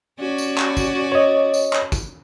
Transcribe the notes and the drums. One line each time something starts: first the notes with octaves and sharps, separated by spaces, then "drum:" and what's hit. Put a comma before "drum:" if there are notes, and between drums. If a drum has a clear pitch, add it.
C#4 F#4 D5
drum: tambourine
drum: clap
drum: kick, tambourine
C#5 D#5
drum: tambourine
drum: clap
drum: kick, tambourine